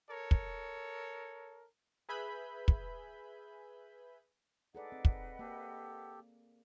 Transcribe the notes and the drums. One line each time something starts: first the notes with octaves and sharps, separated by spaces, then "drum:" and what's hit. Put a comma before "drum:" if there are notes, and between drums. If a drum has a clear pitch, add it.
A4 A#4 C#5
drum: kick
G#4 B4 E5 G#5 B5 G6
drum: kick
D#4 G#4 A4 B4 D5 D#5 F#5
C4
drum: kick
A#3 G4 A4